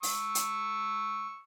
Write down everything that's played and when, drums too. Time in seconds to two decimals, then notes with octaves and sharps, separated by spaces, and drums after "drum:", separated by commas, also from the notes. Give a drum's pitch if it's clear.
0.03 C#6 E6, drum: open hi-hat
0.35 drum: hi-hat